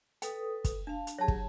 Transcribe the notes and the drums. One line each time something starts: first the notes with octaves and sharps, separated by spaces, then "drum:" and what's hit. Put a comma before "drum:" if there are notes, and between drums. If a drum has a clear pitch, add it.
A4 B4 G5 D#6, drum: hi-hat
drum: kick, hi-hat
D4 F5 A5
drum: hi-hat
F#3 G4 G#4 C#5 A5
drum: kick